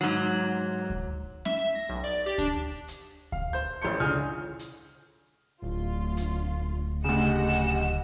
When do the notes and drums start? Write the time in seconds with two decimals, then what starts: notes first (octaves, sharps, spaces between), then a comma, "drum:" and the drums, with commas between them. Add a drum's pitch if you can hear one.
0.01 G#2 F#3
0.90 drum: kick D2
1.45 E5, drum: snare C#4
1.59 E5
1.75 A#6
1.89 B1
2.04 D5
2.26 G4
2.38 D4, drum: kick D2
2.88 drum: hi-hat
3.32 F5, drum: kick D2
3.53 C5 G6
3.82 A1 A2 C6 G6 C#7
4.00 C#2 D3 G#5 D#6 F6 G6
4.59 drum: hi-hat
5.62 D1 D2 F4
6.17 drum: hi-hat
7.04 D2 C#3 G4 D#5 F#5 E7
7.52 drum: hi-hat